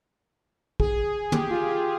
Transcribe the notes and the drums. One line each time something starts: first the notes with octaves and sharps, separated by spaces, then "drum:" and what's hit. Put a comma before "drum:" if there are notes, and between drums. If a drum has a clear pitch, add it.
G#4, drum: kick
G4, drum: tom
F4
G4